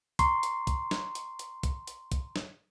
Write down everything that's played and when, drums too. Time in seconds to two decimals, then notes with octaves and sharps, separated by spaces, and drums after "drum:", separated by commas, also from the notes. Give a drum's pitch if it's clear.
0.19 A#5 C6 C#6, drum: kick, hi-hat
0.43 drum: hi-hat
0.67 drum: kick, hi-hat
0.91 drum: snare
1.15 drum: hi-hat
1.39 drum: hi-hat
1.63 drum: kick, hi-hat
1.87 drum: hi-hat
2.12 drum: kick, hi-hat
2.36 drum: snare